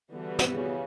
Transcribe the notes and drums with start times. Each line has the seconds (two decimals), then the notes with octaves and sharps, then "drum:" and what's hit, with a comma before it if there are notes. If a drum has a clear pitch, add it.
0.10 D3 E3 G3 B3 F#4
0.39 drum: snare
0.53 C#3